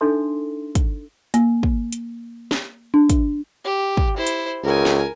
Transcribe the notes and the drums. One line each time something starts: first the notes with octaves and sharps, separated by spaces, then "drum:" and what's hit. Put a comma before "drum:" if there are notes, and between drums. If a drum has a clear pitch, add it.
D4 D#4 A4 E5 C6
drum: kick, hi-hat
A#3, drum: hi-hat
drum: kick
drum: hi-hat
drum: snare
D4
drum: kick, hi-hat
G4
drum: kick
E4 C5
drum: hi-hat
C#2 A#4 G#5
drum: snare